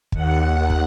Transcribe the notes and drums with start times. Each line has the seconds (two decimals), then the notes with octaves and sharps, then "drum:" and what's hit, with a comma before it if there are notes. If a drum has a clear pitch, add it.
0.12 D#2 F#5, drum: kick
0.70 drum: kick